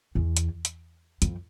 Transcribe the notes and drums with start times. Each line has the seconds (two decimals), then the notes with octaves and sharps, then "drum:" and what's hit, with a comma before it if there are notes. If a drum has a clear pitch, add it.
0.15 E2
0.37 drum: hi-hat
0.65 drum: hi-hat
1.22 F2, drum: hi-hat